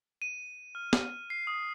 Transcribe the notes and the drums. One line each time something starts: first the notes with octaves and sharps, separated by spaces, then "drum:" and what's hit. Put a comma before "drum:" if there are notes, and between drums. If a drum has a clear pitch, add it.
D#7
F6
drum: snare
C7
D#6